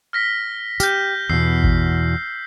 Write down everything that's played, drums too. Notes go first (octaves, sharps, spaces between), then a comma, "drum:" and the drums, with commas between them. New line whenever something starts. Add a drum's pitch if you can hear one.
F6 A#6 B6
G4 F6 G6, drum: tambourine
E2 B2 E6 C7
drum: kick G#1